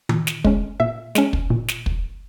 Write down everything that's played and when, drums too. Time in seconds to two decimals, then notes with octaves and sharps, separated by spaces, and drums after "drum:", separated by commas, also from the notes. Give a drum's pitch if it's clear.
0.09 A#2, drum: tom D#3
0.27 drum: snare
0.44 G#3 C#4, drum: kick
0.80 A#2 E5
1.15 G#3 C#4, drum: snare
1.33 drum: kick
1.50 A#2
1.68 drum: snare
1.86 drum: kick